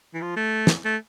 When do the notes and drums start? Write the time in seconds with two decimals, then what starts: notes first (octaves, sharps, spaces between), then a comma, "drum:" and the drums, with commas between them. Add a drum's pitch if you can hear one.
0.14 E3
0.21 F3
0.36 A3
0.67 drum: snare
0.85 A3